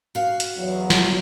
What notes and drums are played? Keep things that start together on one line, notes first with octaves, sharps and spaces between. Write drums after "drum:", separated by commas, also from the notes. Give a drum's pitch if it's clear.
F#4 F5
drum: hi-hat
E2 F#3
drum: snare